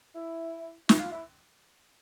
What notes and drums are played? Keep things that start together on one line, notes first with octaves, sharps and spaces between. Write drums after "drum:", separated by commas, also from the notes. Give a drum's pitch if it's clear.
E4
E4, drum: snare
F4
E4